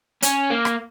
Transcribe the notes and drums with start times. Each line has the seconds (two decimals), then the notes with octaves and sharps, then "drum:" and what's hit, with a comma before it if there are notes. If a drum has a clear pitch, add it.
0.22 C#4, drum: hi-hat
0.50 A#3
0.65 drum: rim click